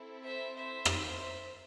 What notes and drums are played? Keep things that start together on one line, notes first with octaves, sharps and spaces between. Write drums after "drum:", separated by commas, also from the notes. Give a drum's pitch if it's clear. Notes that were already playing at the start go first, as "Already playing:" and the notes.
Already playing: C4 E4 A4
C5 E5
C5 E5
drum: rim click